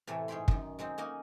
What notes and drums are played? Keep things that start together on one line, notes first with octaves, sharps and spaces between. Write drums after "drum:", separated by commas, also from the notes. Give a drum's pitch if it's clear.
A2 C3 E3 A4 C#5
G#2 G#4 C#5 G5 B5 C6
F#2 D#3, drum: kick
F#3 G#3 C4 D#4
A#3 C#4 D#4 F#4 D#5 G#5